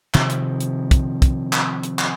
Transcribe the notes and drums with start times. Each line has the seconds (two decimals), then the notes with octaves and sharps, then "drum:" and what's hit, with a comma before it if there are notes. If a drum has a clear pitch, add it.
0.14 C3 D#3 F3, drum: clap
0.30 drum: hi-hat
0.60 drum: hi-hat
0.91 drum: kick, hi-hat
1.22 drum: kick, hi-hat
1.53 drum: clap
1.83 drum: hi-hat
1.99 drum: clap